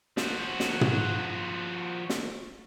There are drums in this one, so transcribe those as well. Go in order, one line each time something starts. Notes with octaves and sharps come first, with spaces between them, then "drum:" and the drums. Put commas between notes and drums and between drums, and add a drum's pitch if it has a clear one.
F3 F#4, drum: snare
drum: snare
drum: tom
drum: snare